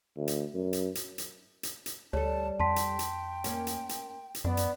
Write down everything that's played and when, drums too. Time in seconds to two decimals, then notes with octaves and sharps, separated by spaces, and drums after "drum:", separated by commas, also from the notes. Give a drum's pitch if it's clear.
0.17 D2
0.28 drum: hi-hat
0.54 F#2
0.73 drum: hi-hat
0.95 drum: hi-hat
1.18 drum: hi-hat
1.63 drum: hi-hat
1.86 drum: hi-hat
2.13 D2 G3 A4 C#5 A5
2.60 F2 G5 A5 C6 B6
2.76 drum: hi-hat
2.99 drum: hi-hat
3.44 A#3 C#4, drum: hi-hat
3.67 drum: hi-hat
3.89 drum: hi-hat
4.35 drum: hi-hat
4.44 F#2 B3 D4
4.57 drum: hi-hat